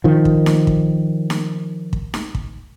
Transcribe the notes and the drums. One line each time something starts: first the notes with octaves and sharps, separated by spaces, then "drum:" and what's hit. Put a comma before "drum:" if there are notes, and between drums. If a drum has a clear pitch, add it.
D#3 F3
drum: kick
drum: snare D#4
drum: kick
drum: snare D#4
drum: kick
drum: snare D#4
drum: kick